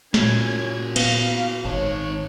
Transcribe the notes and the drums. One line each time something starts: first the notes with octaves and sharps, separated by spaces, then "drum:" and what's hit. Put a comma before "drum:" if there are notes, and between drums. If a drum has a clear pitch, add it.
A#2 C#4 F#4 G#4 G#6, drum: snare
B3 F5, drum: cymbal
G#1 D#4 C#5 A5